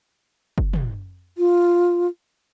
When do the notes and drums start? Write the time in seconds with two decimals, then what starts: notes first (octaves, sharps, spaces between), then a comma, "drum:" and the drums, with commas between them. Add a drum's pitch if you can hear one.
0.58 drum: kick F#1
0.73 drum: tom
1.38 F4